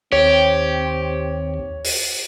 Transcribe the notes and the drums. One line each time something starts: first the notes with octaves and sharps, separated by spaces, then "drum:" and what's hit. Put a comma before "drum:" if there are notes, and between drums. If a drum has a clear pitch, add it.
D#2 C4 G4 C#5
drum: open hi-hat